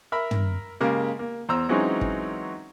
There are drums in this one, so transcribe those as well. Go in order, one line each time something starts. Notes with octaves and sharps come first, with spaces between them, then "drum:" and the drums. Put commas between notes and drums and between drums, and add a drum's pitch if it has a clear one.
A#4 E5 B5
drum: tom
C#3 G#3 A#3 G4
A#3
E2 C5 A#5 E6
E3 F#3 G#3 C4 C#4 D#4
drum: kick